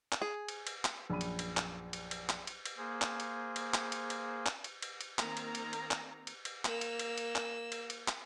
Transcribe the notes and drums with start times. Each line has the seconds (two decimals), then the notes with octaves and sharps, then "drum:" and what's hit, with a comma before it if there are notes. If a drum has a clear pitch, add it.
0.12 drum: clap
0.22 G#4
0.48 drum: cymbal
0.67 drum: cymbal
0.85 drum: clap
1.10 A#1 F#2 B5 D#7
1.21 drum: cymbal
1.39 drum: cymbal
1.57 drum: clap
1.93 drum: cymbal
2.11 drum: cymbal
2.29 drum: clap
2.47 drum: cymbal
2.65 drum: cymbal
2.78 A#3 G#4 C5
3.02 drum: clap
3.20 drum: cymbal
3.56 drum: cymbal
3.74 drum: clap
3.92 drum: cymbal
4.10 drum: cymbal
4.46 drum: clap
4.64 drum: cymbal
4.82 drum: cymbal
5.01 drum: cymbal
5.19 D#3 A#3 C4 A#5, drum: clap
5.37 drum: cymbal
5.55 drum: cymbal
5.73 drum: cymbal
5.91 drum: clap
6.27 drum: cymbal
6.45 drum: cymbal
6.65 A#3 E6, drum: clap
6.81 drum: cymbal
6.99 drum: cymbal
7.18 drum: cymbal
7.36 drum: clap
7.72 drum: cymbal
7.90 drum: cymbal
8.08 drum: clap